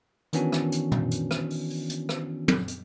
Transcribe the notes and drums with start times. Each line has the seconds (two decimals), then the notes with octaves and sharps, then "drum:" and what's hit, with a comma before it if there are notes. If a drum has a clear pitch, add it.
0.33 D#3 E3 B3 C#4 D4 F#4, drum: hi-hat
0.52 drum: rim click
0.72 drum: hi-hat
0.92 drum: tom
1.11 drum: hi-hat
1.31 drum: rim click
1.50 drum: open hi-hat
1.70 drum: open hi-hat
1.89 drum: hi-hat
2.09 drum: rim click
2.48 drum: tom
2.68 drum: hi-hat